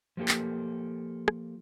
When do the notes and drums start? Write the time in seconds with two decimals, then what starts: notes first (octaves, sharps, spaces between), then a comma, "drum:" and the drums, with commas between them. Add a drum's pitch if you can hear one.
0.17 F3 F#3 A#3 G4 A4
0.28 drum: clap
1.28 drum: rim click